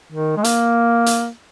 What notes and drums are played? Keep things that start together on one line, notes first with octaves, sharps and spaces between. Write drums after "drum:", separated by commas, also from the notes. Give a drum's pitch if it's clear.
D#3
G#3
A#3, drum: hi-hat
drum: hi-hat